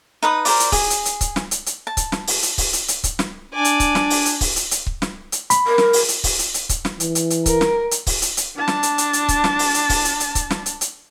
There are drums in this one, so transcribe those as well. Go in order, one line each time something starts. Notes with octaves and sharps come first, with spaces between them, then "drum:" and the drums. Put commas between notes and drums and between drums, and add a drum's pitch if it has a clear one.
D#4 B4 D#6
A#4 C5 D5, drum: open hi-hat
drum: hi-hat
G#4, drum: kick C#1, open hi-hat
drum: hi-hat
drum: hi-hat
drum: kick C#1, hi-hat
drum: snare
drum: hi-hat
drum: hi-hat
A5
drum: kick C#1, hi-hat
drum: snare
drum: open hi-hat
drum: hi-hat
drum: kick C#1, open hi-hat
drum: hi-hat
drum: hi-hat
drum: kick C#1, hi-hat
drum: snare
D4 D5 G#5
drum: hi-hat
drum: kick C#1, hi-hat
drum: snare
drum: open hi-hat
drum: hi-hat
drum: kick C#1, open hi-hat
drum: hi-hat
drum: hi-hat
drum: kick C#1
drum: snare
drum: hi-hat
B5, drum: hi-hat
A#4
drum: snare
drum: open hi-hat
drum: hi-hat
drum: kick C#1, open hi-hat
drum: hi-hat
drum: hi-hat
drum: kick C#1, hi-hat
drum: snare
E3, drum: hi-hat
drum: hi-hat
drum: hi-hat
A#4, drum: kick C#1, hi-hat
drum: snare
drum: hi-hat
drum: kick C#1, open hi-hat
drum: hi-hat
drum: hi-hat
D4 A5
drum: snare
drum: hi-hat
drum: hi-hat
drum: hi-hat
drum: kick C#1, hi-hat
drum: snare
drum: open hi-hat
drum: hi-hat
drum: kick C#1, open hi-hat
drum: hi-hat
drum: hi-hat
drum: kick C#1, hi-hat
drum: snare
drum: hi-hat
drum: hi-hat